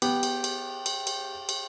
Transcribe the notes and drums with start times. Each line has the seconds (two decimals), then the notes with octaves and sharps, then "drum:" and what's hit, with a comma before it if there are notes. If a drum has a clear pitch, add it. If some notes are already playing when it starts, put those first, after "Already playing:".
0.02 B3 G4, drum: cymbal
0.23 drum: cymbal
0.44 drum: cymbal
0.86 drum: cymbal
1.07 drum: cymbal
1.49 drum: cymbal